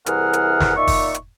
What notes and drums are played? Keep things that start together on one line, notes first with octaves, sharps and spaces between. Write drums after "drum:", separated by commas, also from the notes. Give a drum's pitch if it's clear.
C2 E3 G#4 A#4 F#5 F6, drum: hi-hat
drum: hi-hat
drum: snare
A#2 D#4 D5 E5 C#6
drum: kick, open hi-hat
drum: hi-hat